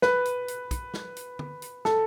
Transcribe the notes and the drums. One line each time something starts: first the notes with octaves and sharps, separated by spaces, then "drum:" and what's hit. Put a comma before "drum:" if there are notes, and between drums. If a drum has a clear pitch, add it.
B4, drum: snare
drum: hi-hat
drum: hi-hat
drum: kick, hi-hat
drum: snare
drum: hi-hat
drum: tom
drum: hi-hat
A4, drum: snare